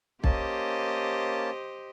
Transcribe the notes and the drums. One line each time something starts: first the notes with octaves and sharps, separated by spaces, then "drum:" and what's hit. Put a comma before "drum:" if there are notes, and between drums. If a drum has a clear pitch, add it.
A#3 C#4 G4 C5 D#5 A5, drum: kick